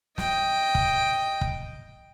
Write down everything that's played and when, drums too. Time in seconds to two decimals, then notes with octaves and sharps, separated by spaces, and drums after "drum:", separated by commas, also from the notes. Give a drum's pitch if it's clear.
0.18 D#5 G5, drum: snare
0.75 drum: kick
1.41 drum: kick